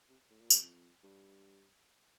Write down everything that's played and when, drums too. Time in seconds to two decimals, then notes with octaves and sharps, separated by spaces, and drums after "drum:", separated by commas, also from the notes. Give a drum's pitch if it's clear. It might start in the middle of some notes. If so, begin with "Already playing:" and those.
0.09 C3
0.30 A2
0.41 A#2
0.50 A2, drum: tambourine
0.61 F2
1.03 G2